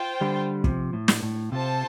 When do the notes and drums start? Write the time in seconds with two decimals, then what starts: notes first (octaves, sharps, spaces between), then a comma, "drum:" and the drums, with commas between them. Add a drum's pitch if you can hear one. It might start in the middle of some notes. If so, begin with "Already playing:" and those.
Already playing: F4 C5 G5
0.21 D3 G3
0.64 C3 F3, drum: kick
0.93 A2
1.08 drum: snare
1.23 A2
1.51 C3 F4 A4 C5 A5